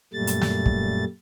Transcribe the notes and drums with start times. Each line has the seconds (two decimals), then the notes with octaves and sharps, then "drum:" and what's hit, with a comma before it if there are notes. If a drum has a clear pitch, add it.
0.14 F#2 A#2 G3 A3 A6
0.27 drum: hi-hat
0.41 drum: snare
0.66 drum: kick